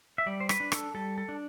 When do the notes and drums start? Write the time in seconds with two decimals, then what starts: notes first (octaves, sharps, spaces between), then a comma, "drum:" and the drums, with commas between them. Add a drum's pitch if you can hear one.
0.18 E5
0.26 G3 D5
0.40 C5
0.49 B4, drum: rim click
0.60 D4
0.72 A4, drum: rim click
0.94 G3 A4
1.18 A4
1.29 D4